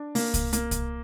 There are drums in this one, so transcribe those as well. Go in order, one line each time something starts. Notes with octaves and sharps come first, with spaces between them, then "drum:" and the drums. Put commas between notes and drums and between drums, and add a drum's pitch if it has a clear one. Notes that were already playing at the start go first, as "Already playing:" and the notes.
Already playing: D4
A#3, drum: open hi-hat
drum: kick C2, hi-hat
A#3, drum: hi-hat
drum: kick C2, hi-hat